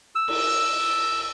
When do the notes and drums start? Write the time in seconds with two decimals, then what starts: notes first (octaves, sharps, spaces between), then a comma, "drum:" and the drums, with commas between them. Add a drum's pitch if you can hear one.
0.15 E6
0.28 drum: cymbal